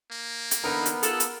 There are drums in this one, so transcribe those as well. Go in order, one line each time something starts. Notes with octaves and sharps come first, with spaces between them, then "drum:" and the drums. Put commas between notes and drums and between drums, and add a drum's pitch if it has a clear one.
A#3
drum: hi-hat
D3 E3 B3 D#4 A#4 B5
drum: hi-hat
F4 G#4 A4, drum: hi-hat
drum: hi-hat